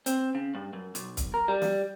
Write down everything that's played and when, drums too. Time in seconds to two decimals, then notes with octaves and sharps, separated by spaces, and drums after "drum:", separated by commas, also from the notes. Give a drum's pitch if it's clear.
0.06 C4, drum: hi-hat
0.35 C#3
0.55 G2
0.73 F#2
0.95 B1, drum: hi-hat
1.17 drum: kick, hi-hat
1.34 A#4
1.48 G3
1.62 drum: snare